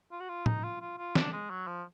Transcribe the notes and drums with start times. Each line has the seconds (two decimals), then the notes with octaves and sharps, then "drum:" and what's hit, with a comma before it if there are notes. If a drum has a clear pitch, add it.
0.12 F4
0.20 F#4
0.29 F4
0.46 D#4, drum: tom A2
0.64 F4
0.81 F4
0.98 F4
1.15 D4, drum: snare
1.33 G#3
1.50 F#3
1.67 F3